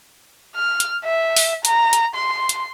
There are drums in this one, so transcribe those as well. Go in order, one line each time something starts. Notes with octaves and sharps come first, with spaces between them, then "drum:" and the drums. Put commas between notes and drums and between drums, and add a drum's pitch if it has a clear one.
F6
drum: hi-hat
E5
drum: open hi-hat
A#5, drum: hi-hat
drum: hi-hat
C6
drum: hi-hat